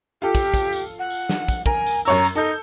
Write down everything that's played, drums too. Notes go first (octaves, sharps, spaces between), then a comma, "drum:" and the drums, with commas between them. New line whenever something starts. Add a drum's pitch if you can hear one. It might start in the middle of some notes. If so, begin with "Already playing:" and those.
F4 G4 A4
drum: kick, tambourine
drum: kick, tambourine
drum: tambourine
F#5
drum: tambourine
drum: snare
drum: kick, tambourine
A#4 G#5, drum: kick
drum: tambourine
F#2 C#5 A#5 E6, drum: tambourine
drum: tambourine
D#4 A4 G6